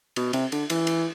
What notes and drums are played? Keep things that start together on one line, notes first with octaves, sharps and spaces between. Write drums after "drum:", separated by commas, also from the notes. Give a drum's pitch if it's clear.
B2, drum: cymbal
C3, drum: cymbal
D3, drum: cymbal
E3, drum: cymbal
drum: cymbal